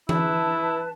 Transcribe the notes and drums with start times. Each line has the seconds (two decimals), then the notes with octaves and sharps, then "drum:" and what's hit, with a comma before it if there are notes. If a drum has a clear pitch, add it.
0.09 E4 B4 A5, drum: tom E3